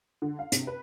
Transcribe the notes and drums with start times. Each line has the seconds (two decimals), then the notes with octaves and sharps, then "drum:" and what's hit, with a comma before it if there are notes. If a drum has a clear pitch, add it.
0.22 D3
0.39 F5
0.52 C3, drum: hi-hat
0.67 B4